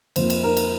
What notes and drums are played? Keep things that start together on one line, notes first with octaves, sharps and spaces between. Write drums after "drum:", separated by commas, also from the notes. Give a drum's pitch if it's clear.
F2 F3 A#3 C5, drum: cymbal
drum: cymbal
A#4
drum: cymbal